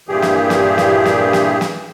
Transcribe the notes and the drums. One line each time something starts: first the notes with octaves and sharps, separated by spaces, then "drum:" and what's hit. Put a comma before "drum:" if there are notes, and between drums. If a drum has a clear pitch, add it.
G2 A#2 E3 G4 G#4
drum: snare
drum: snare
drum: snare
drum: snare
drum: snare
drum: snare